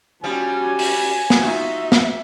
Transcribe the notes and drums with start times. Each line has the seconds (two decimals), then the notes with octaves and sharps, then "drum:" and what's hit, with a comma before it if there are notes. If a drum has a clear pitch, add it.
0.24 F3 G3 C#4 F#4 G#5
0.79 drum: open hi-hat
1.30 drum: snare
1.43 D#4 F4 F#4 E5
1.92 drum: snare